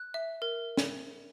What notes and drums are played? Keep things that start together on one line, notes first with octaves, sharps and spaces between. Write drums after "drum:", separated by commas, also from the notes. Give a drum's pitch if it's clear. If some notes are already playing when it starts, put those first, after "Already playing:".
Already playing: F#6
E5
A#4
drum: snare